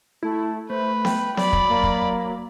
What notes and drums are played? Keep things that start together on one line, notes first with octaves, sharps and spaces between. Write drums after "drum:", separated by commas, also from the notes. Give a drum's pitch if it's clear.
A3 E4
A3 B4 C5
G5, drum: snare B3
F#3 D5 B5, drum: snare B3
drum: kick
A#3
drum: kick